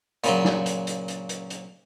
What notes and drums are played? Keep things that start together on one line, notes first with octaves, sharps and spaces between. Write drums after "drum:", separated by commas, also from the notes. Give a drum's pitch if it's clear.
A#2 C#3 F#3, drum: hi-hat
drum: snare
drum: hi-hat
drum: hi-hat
drum: hi-hat
drum: hi-hat
drum: hi-hat